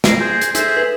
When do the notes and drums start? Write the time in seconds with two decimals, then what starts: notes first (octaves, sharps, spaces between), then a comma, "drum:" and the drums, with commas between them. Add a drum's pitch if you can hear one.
0.04 A#6 C7 D7, drum: snare
0.20 G#4 C5
0.41 drum: hi-hat
0.55 D#4 G#4 A4 C5 E5, drum: hi-hat
0.77 B4